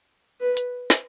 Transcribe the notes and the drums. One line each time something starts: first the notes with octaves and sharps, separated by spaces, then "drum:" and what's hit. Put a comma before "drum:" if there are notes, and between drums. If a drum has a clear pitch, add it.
B4
drum: hi-hat
drum: snare